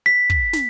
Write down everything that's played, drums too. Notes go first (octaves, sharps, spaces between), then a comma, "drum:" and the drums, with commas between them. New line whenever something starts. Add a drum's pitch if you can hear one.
B6
drum: kick
drum: snare